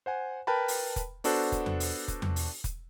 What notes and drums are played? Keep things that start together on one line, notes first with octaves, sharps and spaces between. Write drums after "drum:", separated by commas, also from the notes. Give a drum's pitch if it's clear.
C5 F#5 G#5
A#4 B4 G5 A5 B5
drum: open hi-hat
drum: kick, hi-hat
B3 D4 F#4 A4 C5, drum: open hi-hat
drum: kick, hi-hat
drum: tom E2
drum: open hi-hat
drum: kick, hi-hat
drum: tom E2
drum: open hi-hat
drum: kick, hi-hat